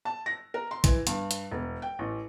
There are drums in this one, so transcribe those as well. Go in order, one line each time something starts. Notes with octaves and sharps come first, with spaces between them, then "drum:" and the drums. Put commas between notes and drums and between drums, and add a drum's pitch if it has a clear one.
A5
A#6
A#4
C6
E3, drum: kick A#1, hi-hat
G2, drum: hi-hat
drum: hi-hat
E1
G5
A1